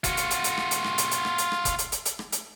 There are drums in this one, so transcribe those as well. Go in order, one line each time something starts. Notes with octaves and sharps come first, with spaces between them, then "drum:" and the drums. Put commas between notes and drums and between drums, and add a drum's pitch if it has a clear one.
F4 F#4, drum: kick F#1, hi-hat
drum: hi-hat
drum: hi-hat
drum: hi-hat
drum: rim click
drum: hi-hat
drum: rim click
drum: hi-hat
drum: hi-hat
drum: rim click
drum: hi-hat
drum: rim click
drum: kick F#1, hi-hat
drum: hi-hat
drum: hi-hat
drum: hi-hat
drum: rim click
drum: hi-hat